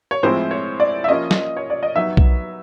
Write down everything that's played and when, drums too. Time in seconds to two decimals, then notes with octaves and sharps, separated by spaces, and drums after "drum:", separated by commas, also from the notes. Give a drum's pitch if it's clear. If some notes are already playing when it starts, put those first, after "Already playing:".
0.11 C#5
0.23 A2 F3 G#3 C4 E4 C5
0.51 C#5
0.80 D5
1.04 E5
1.09 F3 A#3 C#4 F4 D#5
1.31 drum: snare
1.57 C#5
1.70 D5
1.83 D#5
1.96 F#3 B3 D#4 E5
2.17 drum: kick B1